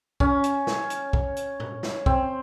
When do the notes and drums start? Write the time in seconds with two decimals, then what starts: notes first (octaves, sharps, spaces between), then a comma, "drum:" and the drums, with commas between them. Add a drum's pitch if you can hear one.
0.20 C#4, drum: kick
0.44 drum: hi-hat
0.67 drum: snare
0.90 drum: hi-hat
1.13 drum: kick
1.37 drum: hi-hat
1.60 drum: tom
1.83 drum: snare
2.06 C4, drum: kick